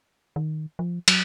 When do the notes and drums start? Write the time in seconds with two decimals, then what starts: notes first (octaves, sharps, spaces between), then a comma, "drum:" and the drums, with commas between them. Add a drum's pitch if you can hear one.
0.36 D#3
0.79 F3
1.08 F#3, drum: cymbal